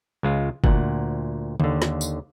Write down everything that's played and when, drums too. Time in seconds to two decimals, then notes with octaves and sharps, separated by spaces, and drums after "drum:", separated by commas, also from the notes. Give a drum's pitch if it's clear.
0.23 C#2 G#3 F4
0.64 D2 A#2 F#5, drum: kick F#1
1.60 D#2 D3, drum: tom C#3
1.82 drum: snare
2.01 drum: tambourine